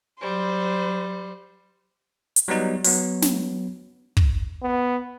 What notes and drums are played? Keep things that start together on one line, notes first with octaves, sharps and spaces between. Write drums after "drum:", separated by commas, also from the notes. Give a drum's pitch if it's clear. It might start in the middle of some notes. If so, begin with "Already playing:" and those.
F#3 G3 C5
drum: hi-hat
F#3 G3 B3 D#4
F#3 B3, drum: open hi-hat
drum: snare
drum: kick
B3